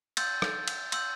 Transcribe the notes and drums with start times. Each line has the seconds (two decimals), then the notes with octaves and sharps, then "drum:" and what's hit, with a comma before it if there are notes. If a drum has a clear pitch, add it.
0.17 C6 E6 G6 A6, drum: cymbal
0.42 drum: rim click
0.68 drum: cymbal
0.92 C6 E6 G6, drum: cymbal